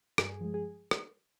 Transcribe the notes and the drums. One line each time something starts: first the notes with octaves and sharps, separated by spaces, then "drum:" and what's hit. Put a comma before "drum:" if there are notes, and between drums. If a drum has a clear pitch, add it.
G2 G#4, drum: rim click
F3 G#3
G#4
drum: rim click